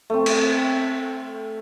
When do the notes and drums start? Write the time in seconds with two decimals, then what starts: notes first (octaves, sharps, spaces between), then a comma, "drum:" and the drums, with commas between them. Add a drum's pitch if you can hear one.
0.10 A3 C4
0.26 drum: cymbal